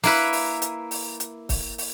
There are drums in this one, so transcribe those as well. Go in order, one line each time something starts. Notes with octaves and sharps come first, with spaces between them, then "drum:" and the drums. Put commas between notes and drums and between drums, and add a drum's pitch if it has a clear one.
A#3 E4 B4, drum: open hi-hat
drum: open hi-hat
drum: hi-hat
drum: open hi-hat
drum: hi-hat
drum: kick, open hi-hat
drum: open hi-hat